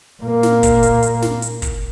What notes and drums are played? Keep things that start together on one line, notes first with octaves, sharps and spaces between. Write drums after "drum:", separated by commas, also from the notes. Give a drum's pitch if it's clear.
A#2 A#3
drum: snare
drum: kick, hi-hat
drum: hi-hat
drum: hi-hat
drum: snare
drum: hi-hat
drum: kick, hi-hat